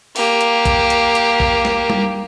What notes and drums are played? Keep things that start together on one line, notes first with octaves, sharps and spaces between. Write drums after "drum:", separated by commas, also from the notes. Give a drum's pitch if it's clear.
A#3 G4, drum: open hi-hat
drum: hi-hat
drum: kick, hi-hat
drum: hi-hat
drum: hi-hat
drum: kick
drum: snare
drum: tom G3